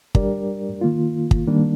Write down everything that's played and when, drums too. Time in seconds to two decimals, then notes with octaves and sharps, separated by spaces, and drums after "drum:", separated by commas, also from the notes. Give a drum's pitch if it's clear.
0.15 G3 D4 G4 A#4 D5, drum: kick
0.81 D#3 A#3 F4
1.31 drum: kick
1.47 D#3 G3 A#3 D4